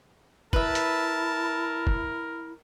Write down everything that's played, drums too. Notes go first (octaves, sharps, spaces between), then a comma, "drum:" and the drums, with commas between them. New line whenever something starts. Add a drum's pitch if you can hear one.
E4 A#4 B4 E5 A5, drum: kick
drum: hi-hat
drum: kick